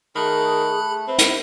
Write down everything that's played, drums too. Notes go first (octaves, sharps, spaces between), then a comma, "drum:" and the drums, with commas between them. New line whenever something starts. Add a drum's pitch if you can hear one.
D#3 A3 G#4 B5 F#6
C4 B4 E5
drum: hi-hat